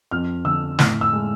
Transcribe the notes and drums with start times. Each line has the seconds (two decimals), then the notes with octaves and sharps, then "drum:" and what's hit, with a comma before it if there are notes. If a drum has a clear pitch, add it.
0.11 F2 F6
0.45 D3 E6
0.79 A2 F6, drum: snare
1.01 E6
1.13 G#3